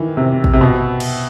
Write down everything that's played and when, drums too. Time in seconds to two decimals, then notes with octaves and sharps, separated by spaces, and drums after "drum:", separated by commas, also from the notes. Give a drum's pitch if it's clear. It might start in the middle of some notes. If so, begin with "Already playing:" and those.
Already playing: D#3 E3
0.17 C3
0.44 drum: kick
0.53 C3
0.61 B2
1.00 drum: cymbal